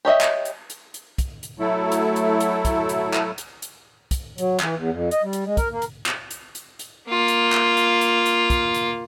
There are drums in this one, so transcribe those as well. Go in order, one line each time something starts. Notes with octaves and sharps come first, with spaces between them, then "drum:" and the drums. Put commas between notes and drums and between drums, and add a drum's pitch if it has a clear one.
G4 C#5 D#5 E5
drum: clap
drum: hi-hat
drum: hi-hat
drum: hi-hat
drum: kick, hi-hat
drum: hi-hat
F#3 A3 E4 A4
drum: hi-hat
drum: hi-hat
drum: hi-hat
drum: kick, hi-hat
drum: hi-hat
drum: clap
drum: hi-hat
drum: hi-hat
drum: kick, hi-hat
F#3, drum: hi-hat
E3, drum: clap
E2
F2
D#5, drum: hi-hat
G3
drum: hi-hat
G#3
A#4, drum: kick, hi-hat
A#3
drum: hi-hat
drum: clap
drum: hi-hat
drum: hi-hat
drum: hi-hat
A#3 F4
drum: hi-hat
drum: clap
drum: hi-hat
drum: hi-hat
drum: hi-hat
drum: kick, hi-hat
drum: hi-hat